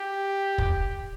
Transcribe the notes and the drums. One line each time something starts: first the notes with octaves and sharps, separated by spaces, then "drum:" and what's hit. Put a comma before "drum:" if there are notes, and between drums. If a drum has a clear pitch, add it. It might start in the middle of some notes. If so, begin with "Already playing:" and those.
Already playing: G4
drum: kick